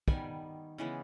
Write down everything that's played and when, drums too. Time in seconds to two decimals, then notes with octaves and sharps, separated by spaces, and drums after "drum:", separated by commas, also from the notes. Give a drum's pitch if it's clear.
0.08 D#3 G3 B3 G#5, drum: kick
0.78 C#3 E3 G#3 B3